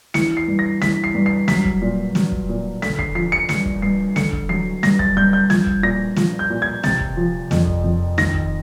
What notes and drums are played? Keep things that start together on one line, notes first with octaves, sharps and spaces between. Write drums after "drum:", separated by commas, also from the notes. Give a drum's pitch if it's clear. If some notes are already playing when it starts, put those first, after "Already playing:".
E3 C#7, drum: snare
C7
G2
A#6
E3 B6, drum: snare
C7
G2
C7
F#3 B6, drum: snare
drum: kick
A#2
F#3, drum: snare
drum: kick
A#2
D3 B6, drum: snare
C7, drum: kick
F3 C7
C#7
G2 C#7, drum: snare
drum: kick
G2 C7
D3 C#7, drum: snare
drum: kick
F#3 C7
G2 A#6, drum: snare
A6, drum: kick
G2 G6
G6
F3 G#6, drum: snare
drum: kick
A#2 A#6
F3, drum: snare
G6
A#2
G#6
C3 A6, drum: snare
drum: kick
F3
F2, drum: snare
drum: kick
F2
D#3 A#6, drum: snare
drum: kick